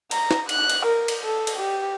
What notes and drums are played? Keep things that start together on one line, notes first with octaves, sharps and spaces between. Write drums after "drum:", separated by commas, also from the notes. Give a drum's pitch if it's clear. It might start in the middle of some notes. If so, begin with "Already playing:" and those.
A#5, drum: cymbal
drum: snare
F#6, drum: cymbal
drum: cymbal
A#4
drum: cymbal
A4
drum: cymbal
G4